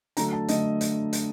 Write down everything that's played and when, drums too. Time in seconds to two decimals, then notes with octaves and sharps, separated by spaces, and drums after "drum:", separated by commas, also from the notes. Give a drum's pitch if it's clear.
0.17 D3 F#3 A3 A#5, drum: hi-hat
0.33 A5
0.48 D3 F#3 A3 D#5, drum: hi-hat
0.81 drum: hi-hat
1.13 drum: hi-hat